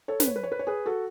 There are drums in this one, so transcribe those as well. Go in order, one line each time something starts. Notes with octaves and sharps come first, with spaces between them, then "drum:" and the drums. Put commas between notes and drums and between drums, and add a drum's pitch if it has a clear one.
A4 C#5
B4, drum: snare
C#5
B4
C#5
B4
C#5
G#4 B4
F#4 A4